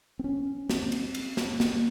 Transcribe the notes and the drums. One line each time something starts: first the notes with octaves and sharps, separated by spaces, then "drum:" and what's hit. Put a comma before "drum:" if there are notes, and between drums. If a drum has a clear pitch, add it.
C4
C#4
C4, drum: snare
drum: cymbal
drum: cymbal
drum: snare
A#3, drum: snare